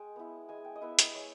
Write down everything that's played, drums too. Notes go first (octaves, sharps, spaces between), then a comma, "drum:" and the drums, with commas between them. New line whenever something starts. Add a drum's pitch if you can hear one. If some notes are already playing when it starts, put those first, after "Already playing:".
Already playing: G#3 G5
B3 E4
G#3 G#5
G5
D#5
B3 E4 E5
D#5, drum: hi-hat
G#3 C#5